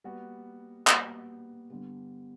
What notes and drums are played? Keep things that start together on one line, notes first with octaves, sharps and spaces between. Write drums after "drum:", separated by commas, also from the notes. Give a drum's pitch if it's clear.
G3 A#3 B3 F#4
G3 A#3 B3 F#4, drum: clap
G2 D3 G3 B3